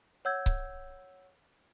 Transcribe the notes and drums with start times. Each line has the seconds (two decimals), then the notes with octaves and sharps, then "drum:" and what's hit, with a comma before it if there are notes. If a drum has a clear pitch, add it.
0.25 C#5 F#5 E6 G6 G#6
0.46 drum: kick C#1